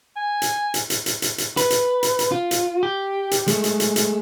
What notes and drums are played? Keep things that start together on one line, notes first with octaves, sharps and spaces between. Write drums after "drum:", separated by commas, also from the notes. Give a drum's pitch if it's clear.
G#5
drum: hi-hat
drum: hi-hat
drum: hi-hat
drum: hi-hat
drum: hi-hat
drum: hi-hat
B4, drum: hi-hat
drum: hi-hat
drum: hi-hat
drum: hi-hat
F4
drum: hi-hat
G4
drum: hi-hat
G#3 A3, drum: hi-hat
drum: hi-hat
drum: hi-hat
drum: hi-hat